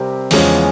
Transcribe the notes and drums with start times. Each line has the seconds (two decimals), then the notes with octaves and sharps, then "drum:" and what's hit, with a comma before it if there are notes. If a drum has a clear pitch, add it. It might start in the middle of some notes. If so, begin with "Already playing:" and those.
Already playing: C3 G3 C4 G4 A#4
0.31 E2 C#3 F3 G#3 C#4, drum: open hi-hat